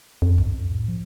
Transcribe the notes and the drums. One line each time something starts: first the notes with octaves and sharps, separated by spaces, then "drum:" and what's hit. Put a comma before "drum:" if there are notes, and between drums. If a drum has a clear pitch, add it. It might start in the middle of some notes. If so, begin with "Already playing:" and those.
F2
G2, drum: kick C2
F2
A2
F3